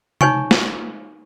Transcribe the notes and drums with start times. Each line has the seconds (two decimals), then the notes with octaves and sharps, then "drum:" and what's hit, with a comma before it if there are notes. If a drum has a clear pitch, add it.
0.21 D#4 C#5 G#5 C#6, drum: tom
0.51 drum: snare